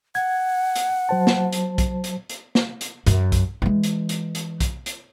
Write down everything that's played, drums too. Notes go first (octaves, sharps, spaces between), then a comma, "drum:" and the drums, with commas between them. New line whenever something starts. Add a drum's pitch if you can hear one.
F#5 G#6
drum: hi-hat
F#3 C5 A5
drum: snare
drum: hi-hat
drum: kick B1, hi-hat
drum: hi-hat
drum: hi-hat
drum: snare
drum: hi-hat
F#2, drum: hi-hat
drum: kick B1, hi-hat
E3 G#3
drum: hi-hat
drum: hi-hat
drum: hi-hat
drum: kick B1, hi-hat
drum: hi-hat